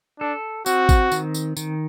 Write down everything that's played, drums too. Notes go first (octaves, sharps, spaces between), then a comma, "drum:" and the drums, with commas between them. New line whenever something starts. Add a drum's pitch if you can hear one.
D4 A4
C4 F#4, drum: tambourine
drum: kick, tambourine
D#3, drum: tambourine
drum: tambourine
D#3, drum: tambourine